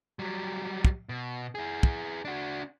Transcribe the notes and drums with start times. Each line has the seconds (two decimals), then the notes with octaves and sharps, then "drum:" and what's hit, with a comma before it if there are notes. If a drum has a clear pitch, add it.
0.19 F#3 G3
0.85 drum: kick
1.09 B2
1.55 E4 G#4
1.83 drum: kick
2.25 D4 F#4